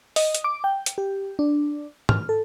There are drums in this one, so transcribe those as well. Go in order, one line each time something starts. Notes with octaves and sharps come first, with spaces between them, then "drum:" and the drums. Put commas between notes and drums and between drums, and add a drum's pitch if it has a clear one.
D#5, drum: open hi-hat
drum: hi-hat
D6
G5
drum: hi-hat
G4
D4
F6, drum: tom
A4